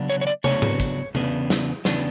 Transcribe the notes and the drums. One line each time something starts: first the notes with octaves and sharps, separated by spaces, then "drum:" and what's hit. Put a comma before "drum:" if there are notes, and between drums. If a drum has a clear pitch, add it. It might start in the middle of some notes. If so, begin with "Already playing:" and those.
Already playing: C#3 F#3 B3 D4
C#5
C#5
D5
C#3 F#3 B3 D4 C#5, drum: tom
drum: tom G#2
drum: kick, hi-hat
E2 C#3 B3 D4, drum: tom C3
drum: snare
E2 C#3 B3 D4, drum: snare